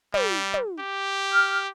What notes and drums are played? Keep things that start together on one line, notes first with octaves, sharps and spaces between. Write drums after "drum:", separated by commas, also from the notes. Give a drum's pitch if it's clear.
G3, drum: tom
drum: tom
G4
F6